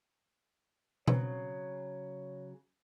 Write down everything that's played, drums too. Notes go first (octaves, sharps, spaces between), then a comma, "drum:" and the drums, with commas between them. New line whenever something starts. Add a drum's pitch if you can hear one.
C#3 F#3 C4 C#4 B4 C#5, drum: tom B2